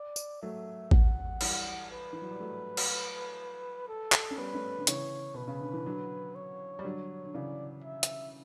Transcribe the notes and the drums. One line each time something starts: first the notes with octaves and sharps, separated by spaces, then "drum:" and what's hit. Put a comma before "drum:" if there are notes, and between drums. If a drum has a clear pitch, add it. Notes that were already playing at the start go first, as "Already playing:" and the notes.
Already playing: D5
drum: tambourine
F#3 A3 E5
F#5, drum: kick A1
E3 G3, drum: cymbal
B4
E3
F#3
G3
F#3 A3
drum: cymbal
A4
drum: clap
C#4
G3 B3 B4
A3 C#4
D3
C#3 E3 C#5, drum: hi-hat
B2 B4
C#3
D3
E3
D3 F#3
C#5
G3
D3 F#3
D3
C#3 E3 D5
E5
drum: hi-hat